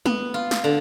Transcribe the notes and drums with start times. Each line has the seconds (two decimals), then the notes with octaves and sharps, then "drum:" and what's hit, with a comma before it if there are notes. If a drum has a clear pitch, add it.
0.06 B3, drum: tom
0.34 F4
0.51 drum: snare
0.64 D3